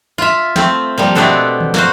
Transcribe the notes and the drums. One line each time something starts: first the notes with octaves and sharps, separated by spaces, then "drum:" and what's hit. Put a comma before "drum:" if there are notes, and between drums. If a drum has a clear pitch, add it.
F4 E5
A3 C4, drum: snare
F3 G3 A#3
B2 A3 B3 C4 D4 A4
drum: tom D3
A#3 F#4 C5, drum: snare